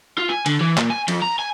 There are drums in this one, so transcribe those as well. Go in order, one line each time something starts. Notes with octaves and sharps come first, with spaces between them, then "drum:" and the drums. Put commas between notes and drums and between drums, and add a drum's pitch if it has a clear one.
F4
G#5
D3, drum: cymbal
E3
A#2, drum: clap
G#5
F2, drum: cymbal
A#5
G#5